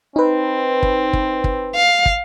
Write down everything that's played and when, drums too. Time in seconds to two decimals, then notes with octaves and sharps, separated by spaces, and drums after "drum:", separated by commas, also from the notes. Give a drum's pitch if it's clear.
0.16 C4 D#4 B4
0.83 drum: kick
1.13 drum: kick
1.44 drum: kick
1.75 F5
2.06 drum: kick